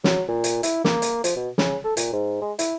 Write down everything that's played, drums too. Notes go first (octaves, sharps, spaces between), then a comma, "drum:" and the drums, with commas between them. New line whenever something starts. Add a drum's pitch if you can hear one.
F#3, drum: snare
A#2
drum: hi-hat
E4, drum: hi-hat
A#3, drum: snare
drum: hi-hat
F3, drum: hi-hat
B2
C#3, drum: snare
A4
A#2, drum: hi-hat
G#2
G#3
E4, drum: hi-hat